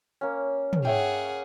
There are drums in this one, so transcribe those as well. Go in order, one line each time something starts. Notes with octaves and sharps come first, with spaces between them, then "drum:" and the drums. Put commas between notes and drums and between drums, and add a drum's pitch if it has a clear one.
A#3 C#4
drum: tom
G#4 C#5 E5 F#5 G5